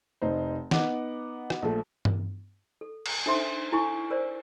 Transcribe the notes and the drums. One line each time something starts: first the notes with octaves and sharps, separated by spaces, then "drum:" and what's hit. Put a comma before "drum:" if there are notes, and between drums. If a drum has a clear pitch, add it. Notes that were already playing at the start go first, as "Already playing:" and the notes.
F1 D#4 C5
B3 D#4 F#5 D6, drum: snare
drum: rim click F#4
A#1 F3 A3
drum: tom G2
A4
drum: cymbal
D4 D#4 A4 C5 E5 C6
E4 A4 G#5 C#6
A#4 C5 D5